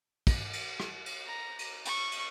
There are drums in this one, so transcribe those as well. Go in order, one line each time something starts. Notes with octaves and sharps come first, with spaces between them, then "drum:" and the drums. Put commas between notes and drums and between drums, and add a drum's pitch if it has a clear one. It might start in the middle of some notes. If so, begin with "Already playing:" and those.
drum: kick, cymbal
drum: cymbal
drum: rim click
drum: cymbal
A#5
drum: cymbal
C#6, drum: cymbal
drum: cymbal